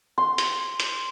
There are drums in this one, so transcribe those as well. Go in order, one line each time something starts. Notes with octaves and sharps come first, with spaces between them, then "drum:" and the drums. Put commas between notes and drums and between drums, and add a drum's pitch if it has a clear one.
C6
drum: hi-hat
drum: hi-hat